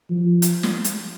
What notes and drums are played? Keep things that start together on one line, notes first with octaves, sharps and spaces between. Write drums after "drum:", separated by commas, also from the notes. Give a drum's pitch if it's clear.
F3
drum: hi-hat
drum: snare
drum: hi-hat